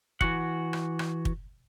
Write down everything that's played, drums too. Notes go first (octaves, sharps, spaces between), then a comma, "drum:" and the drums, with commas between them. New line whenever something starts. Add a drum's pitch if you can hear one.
E3 F#4 F#5, drum: kick
drum: rim click
drum: rim click
drum: kick